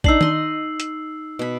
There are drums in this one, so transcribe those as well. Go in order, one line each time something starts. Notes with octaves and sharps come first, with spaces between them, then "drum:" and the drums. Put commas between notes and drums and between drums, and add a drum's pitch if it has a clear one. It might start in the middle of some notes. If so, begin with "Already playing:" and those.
D4 D#4 E6 C7 F#7, drum: kick A1
D#5 C6, drum: tom D#3
drum: hi-hat
B2 B5